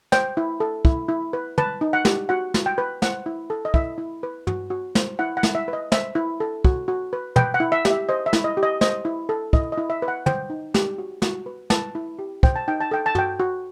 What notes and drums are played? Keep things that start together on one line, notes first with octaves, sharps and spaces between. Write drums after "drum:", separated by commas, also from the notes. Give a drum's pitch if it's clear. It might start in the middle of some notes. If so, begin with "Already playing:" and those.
C5 G5, drum: snare
E4
A4
E4, drum: kick
E4
B4
B4 A5, drum: tom
D#4
F#5
G4, drum: snare
F#4 F#5
F#4, drum: snare
G5
B4
C5 F#5, drum: snare
E4
A4
D#5
E4 E5, drum: kick
E4
B4
F#4, drum: tom
F#4
C5, drum: snare
E4 F#5
F#5
E4, drum: snare
E5
B4
D#5
C5 E5, drum: snare
E4
A4
F#4, drum: kick
F#4
B4
B4 G5, drum: tom
F#5
E4
E5
G4, drum: snare
E5
C5 D#5
E5
E4, drum: snare
D#5
G4
D#5
C5 D#5, drum: snare
E4
A4
E4 D#5, drum: kick
D#5
E4
E5
B4
F#5
C5 G5, drum: tom
D#4
G4, drum: snare
F#4
F#4, drum: snare
B4
B4 A5, drum: snare
E4
G4
C5 G5, drum: kick
A5
D#4 G5
A5
A4 G5
A5
F#4 G5, drum: tom
F#4